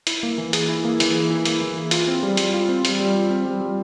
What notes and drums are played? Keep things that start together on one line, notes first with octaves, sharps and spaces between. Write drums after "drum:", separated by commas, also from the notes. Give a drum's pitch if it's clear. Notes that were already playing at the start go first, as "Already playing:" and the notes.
E4, drum: hi-hat
A#3
E3
G#4, drum: hi-hat
E4
A#3
E3, drum: hi-hat
G#4
E4
A#3, drum: hi-hat
E3
G#4
F4, drum: hi-hat
C4
G3
G3, drum: hi-hat
F4
C4
G3, drum: hi-hat
G3
F4
C4
G3
G3